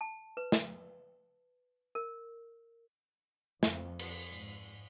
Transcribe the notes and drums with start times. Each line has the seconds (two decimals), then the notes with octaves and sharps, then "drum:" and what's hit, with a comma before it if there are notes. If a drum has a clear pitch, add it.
0.01 A5
0.37 B4
0.52 drum: snare
1.95 A#4
3.63 F2, drum: snare
3.99 drum: cymbal
4.31 G#2